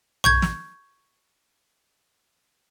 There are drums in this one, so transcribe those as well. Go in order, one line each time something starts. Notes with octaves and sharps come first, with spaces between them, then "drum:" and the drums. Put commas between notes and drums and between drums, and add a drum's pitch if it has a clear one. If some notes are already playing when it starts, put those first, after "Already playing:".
C#6 G6 G#6, drum: tom
drum: snare